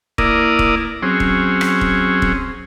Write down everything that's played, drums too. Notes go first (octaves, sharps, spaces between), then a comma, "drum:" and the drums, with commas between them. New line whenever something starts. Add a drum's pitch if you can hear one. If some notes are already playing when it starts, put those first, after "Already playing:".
A#3 E4 A#4 D5 D#6, drum: kick
drum: kick
F#3 C4 C#4 G#4
drum: kick
drum: rim click
drum: kick
drum: kick